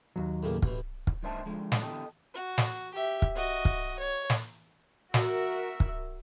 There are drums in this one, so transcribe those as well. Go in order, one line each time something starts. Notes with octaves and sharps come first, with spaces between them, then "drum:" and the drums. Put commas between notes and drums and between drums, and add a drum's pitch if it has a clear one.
D#2 F#3
A2 C#3 A#3
A1 B2, drum: kick
drum: kick
D2 G2 D#4 C5 E5 A5
D3 F3 G#3
drum: snare
E2 D3 E4 G4 A4 D#5
F#4
drum: snare
G4 E5
drum: kick
F#4 D#5
drum: kick
C#5
drum: snare
F#4 A#4 E5, drum: snare
drum: kick